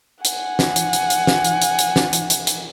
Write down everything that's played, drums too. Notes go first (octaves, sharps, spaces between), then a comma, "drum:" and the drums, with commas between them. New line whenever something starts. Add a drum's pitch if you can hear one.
F#5 G#5, drum: hi-hat
drum: snare
drum: hi-hat
drum: hi-hat
drum: hi-hat
drum: snare
drum: hi-hat
drum: hi-hat
drum: hi-hat
drum: snare
drum: hi-hat
drum: hi-hat
drum: hi-hat